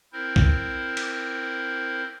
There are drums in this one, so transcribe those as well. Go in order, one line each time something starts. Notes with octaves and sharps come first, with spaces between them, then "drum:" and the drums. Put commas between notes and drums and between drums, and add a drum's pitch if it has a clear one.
C4 E4 A#4 C5
drum: kick
drum: cymbal